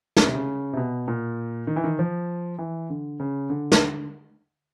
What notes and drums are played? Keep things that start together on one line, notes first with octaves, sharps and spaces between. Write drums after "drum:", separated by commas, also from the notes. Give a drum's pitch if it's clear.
C#3, drum: snare
C3
C#3
C3
B2
A#2
D#3
E3
D#3
F3
E3
D3
C#3
D3
drum: snare